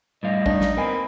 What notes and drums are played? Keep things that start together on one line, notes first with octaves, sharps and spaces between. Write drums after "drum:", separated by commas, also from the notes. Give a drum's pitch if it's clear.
A2 G3 D#5 F5
D4 D#4, drum: kick A1
drum: snare
A#3 C4 A#4 G#5 B5